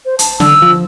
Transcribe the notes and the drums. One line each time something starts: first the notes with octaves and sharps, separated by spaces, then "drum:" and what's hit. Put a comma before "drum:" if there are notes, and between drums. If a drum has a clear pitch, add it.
C5
A5, drum: hi-hat
D3 E6, drum: snare
F3